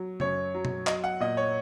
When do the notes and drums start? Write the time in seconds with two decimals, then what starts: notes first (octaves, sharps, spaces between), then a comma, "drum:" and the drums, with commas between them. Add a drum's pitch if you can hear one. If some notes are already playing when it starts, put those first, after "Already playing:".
Already playing: F#3
0.20 F#2 C#5, drum: tom C#3
0.54 F#3
0.65 drum: tom
0.87 F#3 D#5, drum: clap
1.04 F#5
1.20 A#2 D#5
1.37 C#5